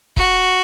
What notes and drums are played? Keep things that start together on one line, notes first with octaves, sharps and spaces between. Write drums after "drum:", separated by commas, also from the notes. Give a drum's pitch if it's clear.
F#4, drum: kick